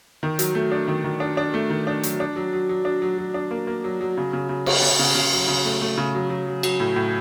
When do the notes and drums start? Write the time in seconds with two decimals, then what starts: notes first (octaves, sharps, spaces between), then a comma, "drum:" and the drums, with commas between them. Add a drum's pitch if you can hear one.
0.23 D#3
0.39 F#3, drum: hi-hat
0.55 A3
0.72 D4
0.88 D#3
1.04 D#3
1.20 D4
1.37 D4
1.54 A3
1.70 D#3
1.87 D4
2.03 F#3, drum: hi-hat
2.20 D4
2.36 F#3
2.53 F#3
2.69 F#3
2.85 D4
3.02 F#3
3.18 F#3
3.34 D4
3.51 A#3
3.67 A#3
3.84 F#3
4.01 F#3
4.17 C#3
4.33 C#3
4.49 C#3
4.66 C#3, drum: cymbal
4.82 C#3
4.99 C#3
5.15 C#3
5.32 F#3
5.48 C#3
5.65 A3
5.81 A3
5.98 C#3
6.15 F#3
6.30 F#3
6.47 F#3
6.63 F#3, drum: cymbal
6.80 A2
6.96 A2